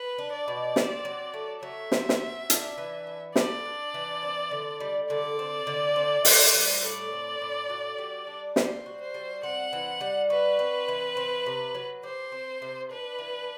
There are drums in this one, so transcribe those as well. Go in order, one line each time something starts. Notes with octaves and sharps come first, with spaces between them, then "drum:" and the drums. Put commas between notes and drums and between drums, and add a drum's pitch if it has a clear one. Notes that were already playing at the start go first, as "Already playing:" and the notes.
Already playing: B4
D4
D5
B2
C4, drum: snare
F#3
A3
F#3 E5
C4, drum: snare
drum: snare
F#3
D4, drum: hi-hat
E3
B3
A4 D5, drum: snare
D4
E3
C4
D3
G3
D3 D5
C4
D3
C4
A2, drum: open hi-hat
G3
A2 D5
C4
A2
F#4
G3
D4
G3 C5, drum: snare
F#4
C5
G3
C4 F#5
E3
G3
F#4 B4
C4
E3
C4
C3
F#3
G4 C5
C4
C3
D4 B4
E3